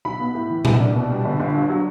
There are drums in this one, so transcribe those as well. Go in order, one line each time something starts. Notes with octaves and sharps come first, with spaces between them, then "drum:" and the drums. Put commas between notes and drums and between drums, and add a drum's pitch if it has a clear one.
B1 B5
B3
A2
E3
C2, drum: tom A#2
D4
B2
G3
G1
G1
G2
F#3